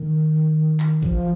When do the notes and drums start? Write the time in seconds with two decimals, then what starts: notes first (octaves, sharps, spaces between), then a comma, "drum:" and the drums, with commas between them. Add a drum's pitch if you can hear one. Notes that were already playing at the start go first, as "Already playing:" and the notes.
Already playing: D#3
0.80 drum: clap
1.02 F3, drum: kick G#1